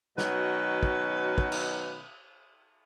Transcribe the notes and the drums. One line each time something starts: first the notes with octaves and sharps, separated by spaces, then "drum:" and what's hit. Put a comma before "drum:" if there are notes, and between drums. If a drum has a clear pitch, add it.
B2 D#3 F#3 C#4 F#4 B4, drum: snare
drum: kick
drum: kick
drum: cymbal